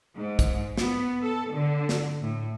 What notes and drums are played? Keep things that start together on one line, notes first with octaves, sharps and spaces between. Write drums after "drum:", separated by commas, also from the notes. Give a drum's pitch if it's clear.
G#2
drum: kick, hi-hat
B3, drum: snare
A4
D3
drum: snare
A2